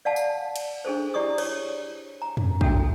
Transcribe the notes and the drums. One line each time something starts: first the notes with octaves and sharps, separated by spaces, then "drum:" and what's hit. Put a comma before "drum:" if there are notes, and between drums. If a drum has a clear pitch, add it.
D5 F5 F#5 A5
drum: tambourine
drum: cymbal
D4 G#4 A4 C5
E4 G4 D5 C#6 D#6
C#5, drum: cymbal
A#5
drum: tom F2
D4 F#4 A4 E5 G5, drum: kick